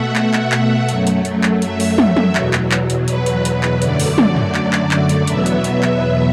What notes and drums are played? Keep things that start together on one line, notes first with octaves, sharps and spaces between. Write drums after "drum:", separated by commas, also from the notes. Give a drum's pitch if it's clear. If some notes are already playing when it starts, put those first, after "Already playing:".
Already playing: B2 A3 E5 F#5
E5, drum: clap
drum: clap
drum: clap
F#2 F#3 A3, drum: hi-hat
drum: hi-hat
drum: hi-hat
drum: clap
E5, drum: hi-hat
drum: open hi-hat
drum: tom
drum: tom
E2 B2 F#3, drum: clap
drum: clap
drum: clap
drum: hi-hat
B4, drum: hi-hat
drum: hi-hat
B4, drum: hi-hat
drum: clap
F#2 D3 F#3 A3 D5, drum: hi-hat
drum: open hi-hat
drum: tom
drum: tom
drum: clap
drum: clap
drum: clap
drum: hi-hat
E2 B2 F#3 B3 E5, drum: hi-hat
drum: hi-hat
drum: hi-hat
drum: clap